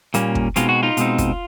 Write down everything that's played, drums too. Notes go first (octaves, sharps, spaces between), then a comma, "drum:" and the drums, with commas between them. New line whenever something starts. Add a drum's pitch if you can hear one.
A#2 G3 A#3 C#4, drum: hi-hat
drum: kick
B2 G#3 C4 D#4 F4, drum: hi-hat
F#4
D#4 F4
B2 G#3 C4 D#4, drum: hi-hat
drum: kick, hi-hat